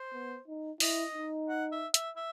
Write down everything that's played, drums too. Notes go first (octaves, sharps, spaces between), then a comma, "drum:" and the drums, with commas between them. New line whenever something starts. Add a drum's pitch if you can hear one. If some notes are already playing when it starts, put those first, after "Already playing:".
Already playing: C5
B3
D#4
E4 D#5, drum: open hi-hat
D#4
F#5
E5
E5, drum: hi-hat
E5